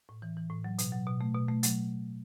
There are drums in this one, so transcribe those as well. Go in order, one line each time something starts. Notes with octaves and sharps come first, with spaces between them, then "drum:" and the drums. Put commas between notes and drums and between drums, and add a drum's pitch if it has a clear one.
A2
E3
E3
A2
F#3
B2, drum: hi-hat
F#3
B2
A3
B2
A3
F#3, drum: hi-hat